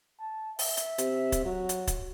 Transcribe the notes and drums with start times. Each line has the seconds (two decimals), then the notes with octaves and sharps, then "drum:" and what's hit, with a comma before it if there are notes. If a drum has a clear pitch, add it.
0.20 A5
0.59 E5, drum: open hi-hat
0.77 drum: hi-hat
0.98 C3, drum: hi-hat
1.32 drum: kick, hi-hat
1.45 F#3 F#4
1.69 drum: hi-hat
1.87 drum: kick, hi-hat